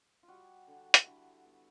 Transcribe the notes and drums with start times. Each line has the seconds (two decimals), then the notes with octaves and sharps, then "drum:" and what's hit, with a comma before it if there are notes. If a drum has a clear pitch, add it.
0.23 F4
0.28 G3 F#4
0.67 D3
0.94 drum: hi-hat
1.06 D3 E4
1.45 B3